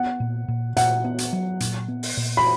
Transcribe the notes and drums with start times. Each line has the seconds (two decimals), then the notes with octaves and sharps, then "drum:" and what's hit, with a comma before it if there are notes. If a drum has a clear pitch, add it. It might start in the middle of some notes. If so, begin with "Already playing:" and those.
Already playing: B3 F#5
0.20 A#2
0.48 A#2
0.77 A#2 F#5, drum: hi-hat
1.04 B3
1.18 drum: hi-hat
1.33 F#3
1.60 A#2, drum: hi-hat
1.88 B3
2.03 drum: open hi-hat
2.17 A#2
2.37 B5